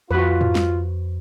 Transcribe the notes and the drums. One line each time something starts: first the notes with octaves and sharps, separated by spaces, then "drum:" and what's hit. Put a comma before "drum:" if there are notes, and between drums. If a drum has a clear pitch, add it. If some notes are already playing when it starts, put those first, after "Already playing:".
F2 F4 F#4 B4
drum: tom G#2
drum: snare